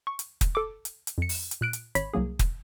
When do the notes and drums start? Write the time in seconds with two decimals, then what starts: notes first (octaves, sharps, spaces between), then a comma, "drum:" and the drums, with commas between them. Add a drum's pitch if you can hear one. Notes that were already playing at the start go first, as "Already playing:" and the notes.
0.07 C#6
0.19 drum: hi-hat
0.41 drum: kick, hi-hat
0.55 A4 D6
0.85 drum: hi-hat
1.07 drum: hi-hat
1.18 F2 C#7
1.29 drum: open hi-hat
1.51 drum: hi-hat
1.61 A#2 F#6 D7
1.73 drum: hi-hat
1.95 G#1 C#5 B5 B6, drum: hi-hat
2.14 C2 F#3 A#3 G#4
2.39 drum: kick, hi-hat